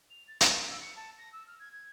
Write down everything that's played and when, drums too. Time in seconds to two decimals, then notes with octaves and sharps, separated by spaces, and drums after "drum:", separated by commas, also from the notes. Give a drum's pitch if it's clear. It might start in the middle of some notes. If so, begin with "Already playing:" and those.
0.10 F7
0.27 A6
0.41 G#5, drum: hi-hat
0.57 B5
0.70 E6
0.81 C#7
0.96 A5
1.17 A#6
1.32 E6
1.47 F6
1.59 G#6
1.72 G#6